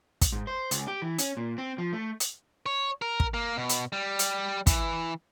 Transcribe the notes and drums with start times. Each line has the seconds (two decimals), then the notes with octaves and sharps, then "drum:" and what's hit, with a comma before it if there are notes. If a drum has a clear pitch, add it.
0.22 drum: kick, hi-hat
0.32 G#2
0.47 C5
0.71 C#2, drum: hi-hat
0.88 G4
1.02 E3
1.19 C#4, drum: hi-hat
1.37 A#2
1.58 C4
1.78 F3
1.93 A3
2.20 drum: hi-hat
2.66 C#5
3.02 A#4
3.20 drum: kick
3.34 A#3
3.57 B2
3.69 drum: hi-hat
3.93 G3
4.19 drum: hi-hat
4.67 E3, drum: kick, hi-hat